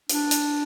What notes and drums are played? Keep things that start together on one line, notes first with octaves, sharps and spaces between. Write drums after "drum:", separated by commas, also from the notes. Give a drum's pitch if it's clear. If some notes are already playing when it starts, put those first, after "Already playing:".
D4, drum: hi-hat
drum: hi-hat